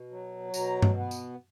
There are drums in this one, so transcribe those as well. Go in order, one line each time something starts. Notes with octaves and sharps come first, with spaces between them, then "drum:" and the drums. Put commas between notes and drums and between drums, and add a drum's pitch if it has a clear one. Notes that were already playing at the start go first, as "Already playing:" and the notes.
Already playing: B2
F#3
B2 A#5, drum: tambourine
drum: tom G2
B3
drum: tambourine